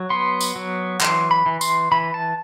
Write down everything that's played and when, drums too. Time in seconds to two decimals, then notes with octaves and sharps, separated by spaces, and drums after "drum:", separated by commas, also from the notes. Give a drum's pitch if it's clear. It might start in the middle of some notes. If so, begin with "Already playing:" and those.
Already playing: F#3
0.10 B3 C6
0.41 drum: tambourine
0.56 F#3
1.01 E3 C6, drum: clap
1.31 B5
1.46 E3
1.61 C6, drum: tambourine
1.92 E3 B5
2.14 A5